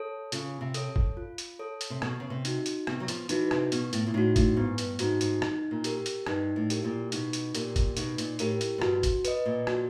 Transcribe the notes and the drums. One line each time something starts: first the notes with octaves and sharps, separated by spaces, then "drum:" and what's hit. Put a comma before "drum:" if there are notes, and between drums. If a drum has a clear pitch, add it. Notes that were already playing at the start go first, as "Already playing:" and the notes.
Already playing: A4 C#5
C#3 F4, drum: hi-hat
C3
A4 C#5, drum: hi-hat
drum: kick
F4
drum: hi-hat
A4 C#5
drum: hi-hat
C3
B2 B3, drum: rim click
C#3
C3
D#4 F#4, drum: hi-hat
drum: hi-hat
C3 B3, drum: rim click
F#3
F3, drum: hi-hat
E3 D#4 F#4, drum: hi-hat
C3, drum: rim click
B2 B3, drum: hi-hat
A2, drum: hi-hat
A#2
A2 D#4 F#4
A2, drum: kick, hi-hat
G#2 B3
G2, drum: hi-hat
G#2 D#4 F#4, drum: hi-hat
G#2, drum: hi-hat
D#4, drum: rim click
A#2
G4 A#4, drum: hi-hat
drum: hi-hat
G2 D#4, drum: rim click
A2
G4 A#4, drum: hi-hat
A#2
B2 D#4, drum: hi-hat
drum: hi-hat
A#2 G4 A#4, drum: hi-hat
drum: kick, hi-hat
B2 D#4, drum: hi-hat
A#2, drum: hi-hat
A2 G4 A#4, drum: hi-hat
drum: hi-hat
G#2
G2 F#4, drum: rim click
drum: kick, hi-hat
B4 D#5, drum: hi-hat
A#2
F#4, drum: rim click